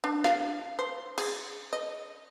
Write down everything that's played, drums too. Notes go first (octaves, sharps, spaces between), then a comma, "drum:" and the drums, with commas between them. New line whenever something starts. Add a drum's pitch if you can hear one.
D4
F5, drum: snare
C5
G#4, drum: cymbal
D#5